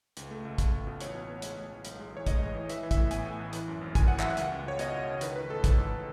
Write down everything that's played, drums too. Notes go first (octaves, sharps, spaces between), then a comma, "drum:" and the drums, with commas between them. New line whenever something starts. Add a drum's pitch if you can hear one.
C#2, drum: hi-hat
A3
C#2
C#2, drum: kick, hi-hat
C#2
B2
A1 C#5, drum: hi-hat
B3
B3
G#3, drum: hi-hat
A1
A1
B1, drum: hi-hat
G#3
E3 C#5
A2 D#5, drum: kick, hi-hat
G#3
E3
E3 E5, drum: hi-hat
E3
E5, drum: kick, hi-hat
A2
B3 G#5, drum: hi-hat
A2
A1
E3, drum: hi-hat
F#2
G#1
F#2 G#5, drum: kick, hi-hat
E3 F#5
F#2 E5, drum: clap
F#5
C#2, drum: hi-hat
C#2
C#2 C#5
B2 D#5, drum: hi-hat
C#2
C#2
D#3 B4, drum: hi-hat
D#3 B4
A1 A4
G#2, drum: kick, hi-hat
G#2